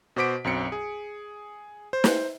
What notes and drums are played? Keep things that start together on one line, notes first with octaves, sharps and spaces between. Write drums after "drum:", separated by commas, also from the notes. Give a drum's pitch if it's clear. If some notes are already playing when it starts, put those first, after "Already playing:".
B2 F#4 C5 D6 B6 D7
B1 F#2 C4 C#7
G#4
C5
drum: snare